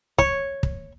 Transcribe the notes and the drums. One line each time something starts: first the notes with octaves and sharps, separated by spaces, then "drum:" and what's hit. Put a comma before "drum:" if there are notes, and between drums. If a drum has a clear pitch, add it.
C#5, drum: kick
drum: kick